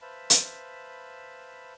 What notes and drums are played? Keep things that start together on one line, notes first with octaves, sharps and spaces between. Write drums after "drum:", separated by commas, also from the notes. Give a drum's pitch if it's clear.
B4 C5 E5 F5 A5 B5
drum: hi-hat